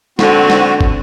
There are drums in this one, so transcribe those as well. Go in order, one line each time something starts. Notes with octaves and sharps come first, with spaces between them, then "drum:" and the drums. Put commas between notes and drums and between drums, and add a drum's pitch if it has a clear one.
D3 C4 F#4, drum: snare G#3
drum: snare G#3
drum: kick